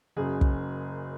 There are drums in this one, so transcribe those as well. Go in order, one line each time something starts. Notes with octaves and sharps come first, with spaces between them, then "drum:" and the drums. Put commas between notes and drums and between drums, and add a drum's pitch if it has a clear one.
F#1 F#2 C#3 G#4
drum: kick